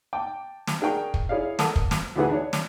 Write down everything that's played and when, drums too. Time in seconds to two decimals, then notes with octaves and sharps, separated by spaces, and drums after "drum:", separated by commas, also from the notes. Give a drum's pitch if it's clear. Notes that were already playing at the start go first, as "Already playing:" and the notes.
0.13 G5 A5 D6
0.67 drum: snare
0.81 D4 G#4 A#4 G5 C#6
1.14 drum: kick
1.29 E4 G#4 C#5 D5 F5
1.59 A4 A#4 F#5 A5 D6 D#6, drum: snare
1.76 drum: kick
1.91 drum: snare
2.16 D2 D3 E3 G#4 F#5
2.30 D4 C#5
2.53 drum: snare